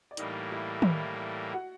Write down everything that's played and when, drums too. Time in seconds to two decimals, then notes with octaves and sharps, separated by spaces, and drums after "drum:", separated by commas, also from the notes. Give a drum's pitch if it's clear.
0.11 D5
0.17 A2 E3 G3 A#3 D#4 D#5, drum: hi-hat
0.52 E4 E5
0.82 drum: tom
1.53 F#4 F#5